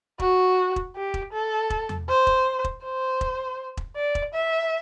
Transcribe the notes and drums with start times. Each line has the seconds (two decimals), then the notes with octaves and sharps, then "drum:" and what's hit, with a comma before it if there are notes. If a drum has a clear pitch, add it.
0.19 F#4, drum: kick E1
0.76 drum: kick E1
0.96 G4
1.14 drum: kick E1
1.32 A4
1.70 drum: kick E1
1.89 drum: tom E2
2.08 C5
2.27 drum: kick E1
2.64 drum: kick E1
2.84 C5
3.21 drum: kick E1
3.77 drum: kick E1
3.96 D5
4.15 drum: kick E1
4.34 E5